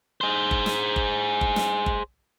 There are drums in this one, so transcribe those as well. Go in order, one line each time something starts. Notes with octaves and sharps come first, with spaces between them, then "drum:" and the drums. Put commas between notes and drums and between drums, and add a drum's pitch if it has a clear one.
G#4 C5
drum: kick G1
drum: snare
drum: kick G1
drum: kick G1
drum: snare
drum: kick G1